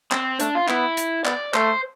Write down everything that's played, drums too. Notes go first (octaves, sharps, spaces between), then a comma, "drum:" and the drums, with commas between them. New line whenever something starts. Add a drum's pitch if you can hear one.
C4, drum: clap
A3 D4, drum: hi-hat
F4
B3 E4, drum: clap
drum: hi-hat
B3 D5, drum: clap
A3 C5, drum: clap